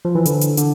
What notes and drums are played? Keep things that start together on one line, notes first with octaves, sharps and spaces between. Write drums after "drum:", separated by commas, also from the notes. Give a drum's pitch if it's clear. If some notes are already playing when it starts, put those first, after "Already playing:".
F3
E3
D3, drum: hi-hat
drum: hi-hat
D3, drum: hi-hat